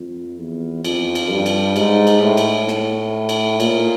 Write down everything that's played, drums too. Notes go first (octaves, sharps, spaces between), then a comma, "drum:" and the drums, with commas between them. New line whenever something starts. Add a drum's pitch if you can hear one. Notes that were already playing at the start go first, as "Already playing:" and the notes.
Already playing: F2
E2
F2, drum: cymbal
drum: cymbal
G2
drum: cymbal
G#2, drum: cymbal
drum: cymbal
A2
drum: cymbal
drum: snare
drum: cymbal
A#2, drum: cymbal